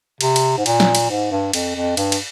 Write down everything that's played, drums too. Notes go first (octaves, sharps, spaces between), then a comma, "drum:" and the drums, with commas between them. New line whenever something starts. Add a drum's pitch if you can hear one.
C3, drum: cymbal
drum: cymbal
G#2
A#2, drum: cymbal
drum: snare
drum: cymbal
G#2
G2
F2, drum: cymbal
F2
G2, drum: cymbal
drum: cymbal